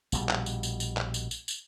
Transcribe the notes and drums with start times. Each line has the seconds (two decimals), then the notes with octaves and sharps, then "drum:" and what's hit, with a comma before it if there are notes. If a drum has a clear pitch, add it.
0.12 A#1 B2 G3, drum: tambourine
0.29 drum: clap
0.46 drum: tambourine
0.63 drum: tambourine
0.80 drum: tambourine
0.97 drum: clap
1.14 drum: tambourine
1.31 drum: tambourine
1.48 drum: tambourine